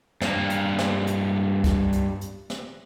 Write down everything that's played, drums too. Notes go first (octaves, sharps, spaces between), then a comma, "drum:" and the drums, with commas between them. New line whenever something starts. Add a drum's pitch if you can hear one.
G2 A#3, drum: snare
drum: hi-hat
drum: snare
drum: hi-hat
drum: kick, hi-hat
drum: hi-hat
drum: hi-hat
drum: snare